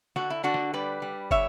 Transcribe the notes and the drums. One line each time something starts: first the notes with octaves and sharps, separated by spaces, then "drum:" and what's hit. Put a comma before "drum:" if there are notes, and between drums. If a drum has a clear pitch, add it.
D3 F#4, drum: snare
E4
D3 D4 F#4
drum: snare
G3 B4 D5
G3
D3 C#5 E5, drum: kick